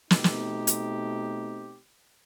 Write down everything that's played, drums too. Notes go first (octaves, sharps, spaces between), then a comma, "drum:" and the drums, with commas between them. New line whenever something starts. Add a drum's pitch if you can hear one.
B2 A3 C4 D#4 G4, drum: snare
drum: snare
drum: hi-hat